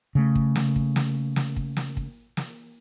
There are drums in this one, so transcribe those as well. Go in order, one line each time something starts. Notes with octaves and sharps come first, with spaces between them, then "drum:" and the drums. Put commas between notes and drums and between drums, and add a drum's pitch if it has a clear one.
C#3 A3
drum: kick
drum: snare
drum: kick
drum: snare
drum: snare
drum: kick
drum: snare
drum: kick
drum: snare